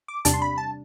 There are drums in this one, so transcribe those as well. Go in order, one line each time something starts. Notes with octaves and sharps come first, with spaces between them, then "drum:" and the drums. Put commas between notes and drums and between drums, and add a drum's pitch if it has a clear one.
D6
E2 C3 G3 D4 A5, drum: hi-hat
C6
B5
A5